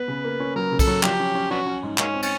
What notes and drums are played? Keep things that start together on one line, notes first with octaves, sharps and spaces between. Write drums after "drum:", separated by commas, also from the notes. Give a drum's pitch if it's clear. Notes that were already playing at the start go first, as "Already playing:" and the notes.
Already playing: B3 B4
C#3
A#3
C#4
F#3 A#4
C#3
A4, drum: kick B1, cymbal
F#3
F3 A#3 D4 G4, drum: clap
C#4
C#4
B3 C#4 D4 F#4
C#4
G#2
G#2 F#3 A#3 C#4, drum: clap
C4
C#4, drum: cymbal